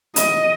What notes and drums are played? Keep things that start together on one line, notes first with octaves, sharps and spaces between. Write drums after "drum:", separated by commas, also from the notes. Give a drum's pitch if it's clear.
D#5, drum: hi-hat